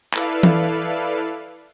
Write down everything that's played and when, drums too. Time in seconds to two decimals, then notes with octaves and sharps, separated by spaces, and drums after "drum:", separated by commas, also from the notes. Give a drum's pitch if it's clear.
0.14 E4 A4 B4 D5 F5, drum: clap
0.43 drum: tom E3